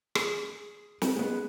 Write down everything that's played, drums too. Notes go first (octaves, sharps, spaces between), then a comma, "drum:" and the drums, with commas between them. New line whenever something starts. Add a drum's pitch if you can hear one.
G#4, drum: rim click
drum: snare
G#3 B3